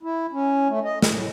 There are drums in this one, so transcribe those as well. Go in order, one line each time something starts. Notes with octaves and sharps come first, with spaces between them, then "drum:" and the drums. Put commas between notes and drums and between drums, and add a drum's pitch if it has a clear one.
E4
C#4
A3
D#5
A2, drum: snare